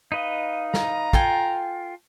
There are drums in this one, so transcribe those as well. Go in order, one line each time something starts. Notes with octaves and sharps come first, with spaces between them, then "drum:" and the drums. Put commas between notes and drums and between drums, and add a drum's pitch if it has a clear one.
D#4 B4 D#5 F5
A#5, drum: snare
F4 A4 G5 G#5, drum: kick